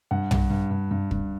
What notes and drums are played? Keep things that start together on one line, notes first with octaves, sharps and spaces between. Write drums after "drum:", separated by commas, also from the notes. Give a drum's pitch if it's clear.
G2 F#5
G2, drum: tom
G2
G2
G2
G2, drum: kick